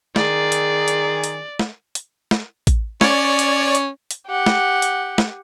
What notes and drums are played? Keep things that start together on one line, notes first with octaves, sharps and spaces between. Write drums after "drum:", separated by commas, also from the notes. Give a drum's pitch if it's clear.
D#3 G#4 D5, drum: snare
drum: hi-hat
drum: hi-hat
drum: hi-hat
drum: snare
drum: hi-hat
drum: snare
drum: kick A1, hi-hat
C#4 C#5 D5, drum: snare
drum: hi-hat
drum: hi-hat
drum: hi-hat
G4 F#5
drum: snare
drum: hi-hat
drum: snare